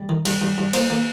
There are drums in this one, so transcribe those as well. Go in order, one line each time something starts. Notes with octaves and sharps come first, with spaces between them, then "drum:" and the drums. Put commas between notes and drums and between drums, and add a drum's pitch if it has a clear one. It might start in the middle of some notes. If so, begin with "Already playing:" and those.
Already playing: G3
D#3
G2, drum: cymbal
G2
G2
A#3 C5, drum: cymbal
A#3